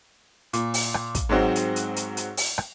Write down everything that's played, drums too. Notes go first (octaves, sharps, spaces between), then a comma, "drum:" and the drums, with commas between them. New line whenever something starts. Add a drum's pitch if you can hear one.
A#2, drum: hi-hat
drum: open hi-hat
drum: rim click
drum: kick, hi-hat
G#2 F#3 G#3 C4 F#4
drum: hi-hat
drum: hi-hat
drum: hi-hat
drum: hi-hat
drum: open hi-hat
drum: rim click